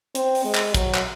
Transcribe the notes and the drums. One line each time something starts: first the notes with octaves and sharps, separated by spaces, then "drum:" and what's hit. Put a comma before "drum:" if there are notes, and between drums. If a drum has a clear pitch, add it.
C4, drum: hi-hat
drum: open hi-hat
G#3
drum: clap
F#3, drum: kick, hi-hat
drum: clap